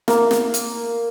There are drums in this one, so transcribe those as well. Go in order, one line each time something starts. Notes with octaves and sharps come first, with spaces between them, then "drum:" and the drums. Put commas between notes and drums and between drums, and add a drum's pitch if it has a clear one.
A#3, drum: snare
drum: snare
drum: hi-hat